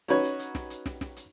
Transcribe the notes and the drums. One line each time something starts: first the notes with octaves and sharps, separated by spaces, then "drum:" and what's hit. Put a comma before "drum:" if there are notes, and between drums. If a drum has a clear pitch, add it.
C#4 D#4 F#4 B4 C#5, drum: hi-hat
drum: hi-hat
drum: hi-hat
drum: snare
drum: hi-hat
drum: snare
drum: snare
drum: hi-hat